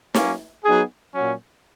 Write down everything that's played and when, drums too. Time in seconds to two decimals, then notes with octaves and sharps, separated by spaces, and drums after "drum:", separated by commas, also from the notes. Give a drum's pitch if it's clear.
0.14 F#3 A#3 C#4, drum: snare
0.64 F#3 B3 D#4 G#4
1.14 A#2 F#3 C#4